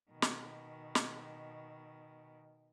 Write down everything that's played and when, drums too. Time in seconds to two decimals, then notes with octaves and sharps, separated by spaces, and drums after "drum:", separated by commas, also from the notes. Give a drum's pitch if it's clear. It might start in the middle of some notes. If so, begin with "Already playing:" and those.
0.11 B2 D#3
0.22 drum: snare
0.95 drum: snare